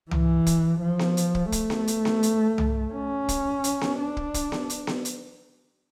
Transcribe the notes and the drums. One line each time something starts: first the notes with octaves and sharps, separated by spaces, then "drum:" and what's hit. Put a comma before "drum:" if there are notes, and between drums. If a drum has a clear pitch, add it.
E3, drum: tom C2
drum: kick, hi-hat
F3
drum: snare B3
drum: hi-hat
drum: kick
A3, drum: kick, hi-hat
drum: snare B3
drum: hi-hat
drum: snare B3
drum: hi-hat
drum: tom C2
C#4
drum: kick, hi-hat
drum: hi-hat
drum: snare B3
D4
drum: kick
drum: kick, hi-hat
drum: snare B3
drum: hi-hat
drum: snare B3
drum: hi-hat